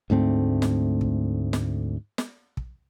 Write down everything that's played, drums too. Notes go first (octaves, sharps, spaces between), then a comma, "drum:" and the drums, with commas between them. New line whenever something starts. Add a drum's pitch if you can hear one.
D2 G#2 A3 C4
drum: snare
drum: kick
drum: snare
drum: snare
drum: kick